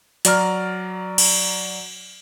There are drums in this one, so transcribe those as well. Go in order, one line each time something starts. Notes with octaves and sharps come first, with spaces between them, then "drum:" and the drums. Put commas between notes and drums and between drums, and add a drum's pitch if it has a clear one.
F#3 D5 A#5 F6, drum: hi-hat
drum: cymbal